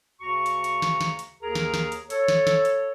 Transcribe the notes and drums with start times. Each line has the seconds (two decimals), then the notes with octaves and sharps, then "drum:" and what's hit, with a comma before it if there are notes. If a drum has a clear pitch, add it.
0.21 D2 C#3 F#4 A#5 C#6
0.46 drum: hi-hat
0.64 drum: hi-hat
0.82 drum: snare
1.01 drum: snare
1.19 drum: hi-hat
1.42 D#2 G#4 A#4 A#5
1.55 drum: snare
1.74 drum: snare
1.92 drum: hi-hat
2.10 A4 C#5, drum: hi-hat
2.28 drum: snare
2.47 drum: snare
2.65 drum: hi-hat